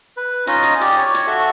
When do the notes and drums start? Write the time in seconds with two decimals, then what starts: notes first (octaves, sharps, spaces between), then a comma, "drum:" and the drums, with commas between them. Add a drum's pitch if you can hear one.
0.17 B4
0.47 C#4 D#4 F4 D#5, drum: hi-hat
0.63 drum: hi-hat
0.81 G4 D5, drum: hi-hat
0.97 C#5
1.14 drum: hi-hat
1.27 F#4 A4 E5